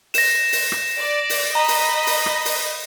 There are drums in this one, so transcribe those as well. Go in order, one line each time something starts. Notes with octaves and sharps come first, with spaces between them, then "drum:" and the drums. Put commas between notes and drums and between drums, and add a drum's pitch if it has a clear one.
A#6 E7, drum: open hi-hat
drum: open hi-hat
drum: rim click
D5
drum: open hi-hat
D#5 A#5 B5
drum: open hi-hat
drum: open hi-hat
drum: rim click
drum: open hi-hat